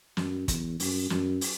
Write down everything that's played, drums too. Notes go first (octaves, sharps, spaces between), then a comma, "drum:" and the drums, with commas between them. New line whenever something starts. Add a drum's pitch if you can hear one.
F#2, drum: snare
E2, drum: kick, hi-hat
F#2, drum: open hi-hat
F#2, drum: snare
drum: open hi-hat